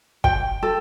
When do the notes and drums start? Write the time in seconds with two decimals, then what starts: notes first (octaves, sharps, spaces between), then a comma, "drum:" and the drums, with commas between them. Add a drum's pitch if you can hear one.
0.24 G5, drum: kick
0.63 A4